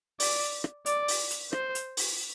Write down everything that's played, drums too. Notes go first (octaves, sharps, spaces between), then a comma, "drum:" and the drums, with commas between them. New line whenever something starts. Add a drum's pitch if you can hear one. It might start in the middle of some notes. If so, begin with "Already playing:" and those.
D5, drum: open hi-hat
drum: rim click
D5, drum: hi-hat
drum: open hi-hat
drum: hi-hat
C5, drum: rim click
drum: hi-hat
drum: open hi-hat